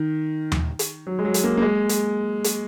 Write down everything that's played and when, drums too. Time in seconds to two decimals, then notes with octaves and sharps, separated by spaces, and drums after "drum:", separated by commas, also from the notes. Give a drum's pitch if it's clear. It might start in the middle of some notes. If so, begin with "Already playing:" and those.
Already playing: D#3
0.52 drum: tom D#2
0.79 drum: hi-hat
1.07 F#3
1.19 G#3
1.25 F#3
1.34 drum: hi-hat
1.44 A#3
1.57 A#3
1.62 G#3
1.89 drum: hi-hat
2.44 drum: hi-hat